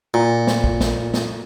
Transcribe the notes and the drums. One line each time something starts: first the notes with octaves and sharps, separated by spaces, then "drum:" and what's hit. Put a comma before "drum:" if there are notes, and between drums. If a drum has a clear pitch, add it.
A#2
drum: snare
drum: kick
drum: snare
drum: snare